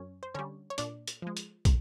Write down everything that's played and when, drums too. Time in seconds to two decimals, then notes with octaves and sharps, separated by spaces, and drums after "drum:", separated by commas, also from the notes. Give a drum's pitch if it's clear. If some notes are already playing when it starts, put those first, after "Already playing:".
Already playing: F#2 C#4 C#5
0.23 C5
0.34 D3 G3 C#4 C#5
0.70 C#5
0.78 A#2 D4 D5, drum: hi-hat
1.07 drum: hi-hat
1.22 F3 G#3
1.37 drum: hi-hat
1.65 A#2, drum: kick, hi-hat